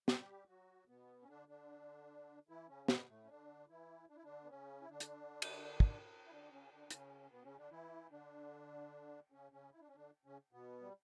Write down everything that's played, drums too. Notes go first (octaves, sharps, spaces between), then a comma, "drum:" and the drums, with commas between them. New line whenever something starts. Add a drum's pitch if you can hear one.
G3 G4, drum: snare
F#3 F#4
B2 B3
C#4
D3 D4
D3 D4
E3 E4
C#3 C#4
B2 B3, drum: snare
A2 A3
C#4
D3 D4
E3 E4
D4
E4
D3 D4
B3
C#3 C#4
E4
D3 D4
drum: hi-hat
drum: cymbal
drum: kick
E4
D3 D4
C#3 C#4
D3 D4
C#3 C#4, drum: hi-hat
B2 B3
C#3 C#4
D3 D4
E3 E4
D3 D4
C#3 C#4
C#3 C#4
E4
D4
C#4
D3 D4
C#3 C#4
B2 B3
G3